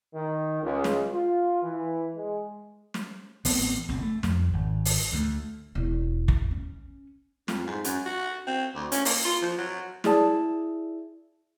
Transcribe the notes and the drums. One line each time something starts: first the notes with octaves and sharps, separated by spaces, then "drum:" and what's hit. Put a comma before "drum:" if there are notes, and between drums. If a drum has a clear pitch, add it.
D#3
C#2
drum: snare
F4
E3
G#3
drum: snare
A1 B3 C4, drum: open hi-hat
F#1 B1 C#3 C4
A3
F2, drum: snare
G#1
drum: open hi-hat
D2 A3
E1 E2
drum: kick
C#4
F2, drum: snare
G#2
F#2, drum: hi-hat
F#4
C4
D2
C#4, drum: hi-hat
A#3, drum: open hi-hat
F4
F3
F#3
E4 G#4 D5 A5, drum: snare